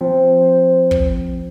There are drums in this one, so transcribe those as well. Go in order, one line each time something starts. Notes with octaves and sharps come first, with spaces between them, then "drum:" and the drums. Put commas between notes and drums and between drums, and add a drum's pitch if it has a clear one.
F3 C4 C5
drum: kick